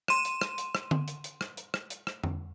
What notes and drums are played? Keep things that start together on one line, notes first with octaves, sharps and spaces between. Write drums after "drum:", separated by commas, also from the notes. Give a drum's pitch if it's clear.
C6 D#7 E7, drum: rim click
drum: hi-hat
drum: rim click
drum: hi-hat
drum: rim click
drum: tom D3
drum: hi-hat
drum: hi-hat
drum: rim click
drum: hi-hat
drum: rim click
drum: hi-hat
drum: rim click
drum: tom F2